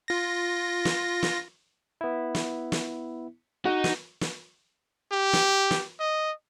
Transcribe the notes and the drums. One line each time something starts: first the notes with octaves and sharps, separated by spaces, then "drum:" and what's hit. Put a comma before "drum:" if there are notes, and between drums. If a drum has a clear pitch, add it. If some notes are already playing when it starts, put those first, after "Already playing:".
F4 A#6
drum: snare
drum: snare
B3 E4
drum: snare
drum: snare
D#4 F#4
drum: snare
drum: snare
G4
drum: snare
drum: snare
D#5